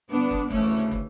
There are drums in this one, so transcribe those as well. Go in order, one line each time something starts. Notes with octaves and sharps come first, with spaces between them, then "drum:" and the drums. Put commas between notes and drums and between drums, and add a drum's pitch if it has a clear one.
G2 D3 B3 D4
drum: kick
D2 C#3 E3 A3 C#4, drum: kick
drum: kick